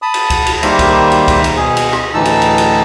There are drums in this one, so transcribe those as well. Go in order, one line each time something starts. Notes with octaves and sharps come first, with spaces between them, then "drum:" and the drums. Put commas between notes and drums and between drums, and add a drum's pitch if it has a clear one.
A5 B5 D#6
drum: cymbal
drum: kick C#2, cymbal
drum: cymbal
D#3 G3 A#3 C5 E5, drum: cymbal
drum: kick C#2, cymbal
drum: cymbal
drum: kick C#2, cymbal
drum: cymbal
B2 G#4
drum: cymbal
drum: rim click
D2 A2 E3 D#4 A5 E6
drum: cymbal
drum: cymbal
drum: cymbal